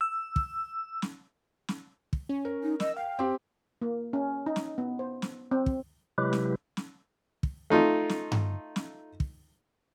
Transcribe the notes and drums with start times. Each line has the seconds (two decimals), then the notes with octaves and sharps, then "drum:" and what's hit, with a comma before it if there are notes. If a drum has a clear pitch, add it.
0.01 E6
0.36 drum: kick
1.02 drum: snare
1.68 drum: snare
2.13 drum: kick
2.29 C#4
2.45 A#4
2.63 D#4
2.80 D#5 E6, drum: snare
2.97 F5 G5
3.19 C4 G4
3.82 A#3
4.13 C#4
4.46 D#4
4.56 drum: snare
4.78 B3
4.99 C5
5.22 drum: snare
5.51 C4
5.66 drum: kick
6.18 C3 F#3 G#3 E4 G4 B4
6.33 drum: snare
6.77 drum: snare
7.43 drum: kick
7.70 A3 D#4 F4
8.09 drum: snare
8.32 drum: tom G2
8.76 drum: snare
9.20 drum: kick